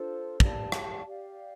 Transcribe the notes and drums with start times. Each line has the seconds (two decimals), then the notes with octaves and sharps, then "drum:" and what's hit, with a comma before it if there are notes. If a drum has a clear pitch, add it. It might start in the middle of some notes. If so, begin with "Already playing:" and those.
Already playing: D4 F4 A4 C5
0.40 G4 D5 F5 A5, drum: kick
0.72 drum: rim click
1.05 G4 D5 F5